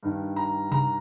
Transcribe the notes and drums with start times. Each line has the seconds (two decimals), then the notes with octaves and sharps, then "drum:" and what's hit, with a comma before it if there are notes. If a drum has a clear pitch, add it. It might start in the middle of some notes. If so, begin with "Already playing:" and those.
0.03 G2 D#3
0.36 A#5
0.72 A#5, drum: tom C3